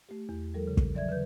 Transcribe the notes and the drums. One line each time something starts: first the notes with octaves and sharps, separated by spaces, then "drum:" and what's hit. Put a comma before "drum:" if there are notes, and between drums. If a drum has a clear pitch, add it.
A3 G4
E2
F3 G3 A4 A#4
C#3
drum: kick
E3 F#3 D5 E5 G#6
D3 B4 G6